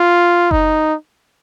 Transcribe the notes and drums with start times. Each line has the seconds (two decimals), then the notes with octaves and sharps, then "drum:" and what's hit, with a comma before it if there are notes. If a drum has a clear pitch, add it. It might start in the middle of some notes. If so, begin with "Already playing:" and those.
Already playing: F4
0.51 D#4, drum: kick F#1